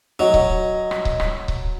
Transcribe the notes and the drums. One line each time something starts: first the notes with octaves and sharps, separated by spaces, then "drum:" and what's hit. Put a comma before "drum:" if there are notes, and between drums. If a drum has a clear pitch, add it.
F#3 D#5
drum: kick C#1
drum: rim click
drum: kick C#1
drum: rim click
drum: kick C#1